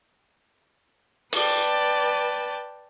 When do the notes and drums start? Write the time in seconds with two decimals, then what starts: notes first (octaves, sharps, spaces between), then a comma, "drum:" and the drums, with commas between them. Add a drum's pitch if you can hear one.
1.33 B4 D5 G5 A5, drum: open hi-hat